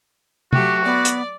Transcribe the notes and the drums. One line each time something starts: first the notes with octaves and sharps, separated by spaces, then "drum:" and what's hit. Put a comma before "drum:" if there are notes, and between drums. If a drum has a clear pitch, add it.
F#3 A3 F#4 G4, drum: tom
B3 D5
drum: hi-hat